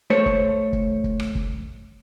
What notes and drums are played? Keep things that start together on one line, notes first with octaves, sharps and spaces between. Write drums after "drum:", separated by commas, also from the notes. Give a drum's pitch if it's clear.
A3 C5 C#5
drum: kick
drum: kick
drum: kick
drum: rim click
drum: kick